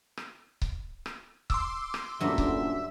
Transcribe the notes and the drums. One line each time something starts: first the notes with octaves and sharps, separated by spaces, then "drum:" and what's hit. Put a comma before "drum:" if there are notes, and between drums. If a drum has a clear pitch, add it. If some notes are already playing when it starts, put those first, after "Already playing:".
drum: rim click
drum: kick C#1
drum: rim click
C6 D6 E6, drum: kick C#1
drum: rim click
D2 G2 A#2 F#3 C#4 E5
drum: kick C#1